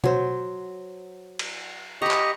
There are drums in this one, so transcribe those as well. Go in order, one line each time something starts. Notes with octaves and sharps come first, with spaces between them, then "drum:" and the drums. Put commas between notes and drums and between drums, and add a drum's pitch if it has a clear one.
F#3 C5, drum: tom B2
drum: cymbal
G4 D#5 A#5 B5 C#6
drum: clap